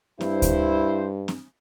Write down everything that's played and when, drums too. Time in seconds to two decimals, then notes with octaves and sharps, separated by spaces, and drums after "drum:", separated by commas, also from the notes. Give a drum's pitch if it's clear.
0.21 G2 E4 C5, drum: snare C4
0.42 drum: kick D2, hi-hat
1.28 drum: snare C4